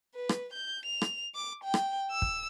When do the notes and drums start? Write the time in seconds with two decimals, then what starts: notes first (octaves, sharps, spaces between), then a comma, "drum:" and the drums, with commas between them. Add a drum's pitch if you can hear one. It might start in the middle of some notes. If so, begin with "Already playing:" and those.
0.15 B4
0.29 drum: rim click
0.53 G6
0.85 F7
1.02 drum: rim click
1.35 D6
1.64 G5
1.74 drum: rim click
2.11 E6
2.22 drum: kick